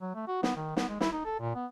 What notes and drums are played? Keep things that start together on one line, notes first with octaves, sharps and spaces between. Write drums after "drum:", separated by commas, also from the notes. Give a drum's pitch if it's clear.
F#3
A3
F#4
B3, drum: snare
D#3
B3, drum: snare
G#3
E4, drum: snare
D#4
A4
A#2
B3